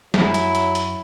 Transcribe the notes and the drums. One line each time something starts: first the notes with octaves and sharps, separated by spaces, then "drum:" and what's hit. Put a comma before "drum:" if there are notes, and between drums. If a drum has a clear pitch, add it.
F#2 F#3 E4 F#5 G#5, drum: snare
drum: hi-hat
drum: hi-hat
drum: hi-hat